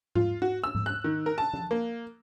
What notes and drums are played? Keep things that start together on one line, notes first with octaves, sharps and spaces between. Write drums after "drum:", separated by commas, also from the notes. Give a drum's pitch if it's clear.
F4, drum: tom G#2
F#4
E6
drum: tom G#2
F#6
D#3
A#4
A5
drum: tom
A#3